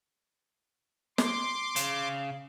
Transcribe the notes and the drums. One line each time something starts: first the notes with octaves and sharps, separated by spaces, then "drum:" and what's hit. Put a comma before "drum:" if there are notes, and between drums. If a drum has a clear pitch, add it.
C6 D6, drum: snare
C#3, drum: hi-hat